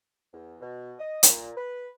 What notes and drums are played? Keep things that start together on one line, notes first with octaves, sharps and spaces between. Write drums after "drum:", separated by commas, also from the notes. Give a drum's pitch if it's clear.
E2
B2
D#5
A#2, drum: hi-hat
B4